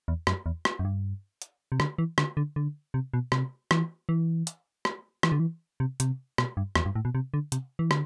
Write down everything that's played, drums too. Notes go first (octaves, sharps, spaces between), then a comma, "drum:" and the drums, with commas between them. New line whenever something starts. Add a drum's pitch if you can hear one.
E2
F#2, drum: rim click
E2
drum: rim click
F#2
G2
drum: hi-hat
C3
D3, drum: rim click
E3
D3, drum: rim click
D3
D3
C3
B2
C3, drum: rim click
E3, drum: rim click
E3
drum: hi-hat
drum: rim click
E3, drum: rim click
D3
E3
C3
C3, drum: hi-hat
B2, drum: rim click
G2
E2, drum: rim click
G2
A2
B2
C3
D3
C3, drum: hi-hat
E3
D3, drum: rim click